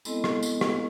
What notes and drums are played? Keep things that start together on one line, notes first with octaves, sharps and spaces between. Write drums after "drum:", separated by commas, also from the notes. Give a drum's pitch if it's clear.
G#3 B3 C4 E4 A4 D#5, drum: tambourine
drum: rim click
drum: tambourine
drum: rim click